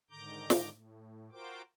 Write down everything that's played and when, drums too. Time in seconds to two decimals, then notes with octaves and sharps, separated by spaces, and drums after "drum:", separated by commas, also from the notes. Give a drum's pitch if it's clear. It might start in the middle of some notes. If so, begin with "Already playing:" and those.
0.10 G#2 D3 D#3 A#5 D6 G6
0.50 drum: snare
0.71 A2
1.32 F4 F#4 A#4 C5 G5 D6